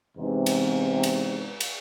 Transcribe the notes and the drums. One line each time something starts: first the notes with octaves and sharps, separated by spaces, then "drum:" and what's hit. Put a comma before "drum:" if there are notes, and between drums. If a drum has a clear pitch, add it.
E2 G#2 C3
drum: cymbal
drum: cymbal
drum: cymbal